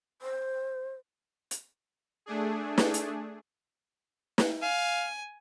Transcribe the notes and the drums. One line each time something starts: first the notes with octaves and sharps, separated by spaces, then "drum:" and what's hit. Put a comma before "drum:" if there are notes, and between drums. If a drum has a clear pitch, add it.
C5
drum: hi-hat
A3 D4 G#4
drum: snare
drum: hi-hat
drum: snare
F5 G#5